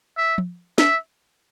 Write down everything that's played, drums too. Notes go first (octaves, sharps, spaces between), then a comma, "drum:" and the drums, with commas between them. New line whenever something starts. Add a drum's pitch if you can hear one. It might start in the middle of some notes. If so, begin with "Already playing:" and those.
E5
drum: tom
E5, drum: snare